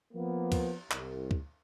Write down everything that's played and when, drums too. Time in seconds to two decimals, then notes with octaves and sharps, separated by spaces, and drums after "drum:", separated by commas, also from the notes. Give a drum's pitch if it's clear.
0.14 F3 A#3 B3
0.52 drum: kick, cymbal
0.91 C2, drum: clap
1.31 drum: kick